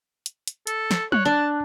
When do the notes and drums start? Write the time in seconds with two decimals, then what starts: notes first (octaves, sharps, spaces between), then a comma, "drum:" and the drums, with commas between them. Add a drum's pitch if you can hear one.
0.26 drum: hi-hat
0.48 drum: hi-hat
0.67 A4, drum: hi-hat
0.91 drum: snare
1.12 C#5 F#6, drum: tom F#3
1.25 D4 A5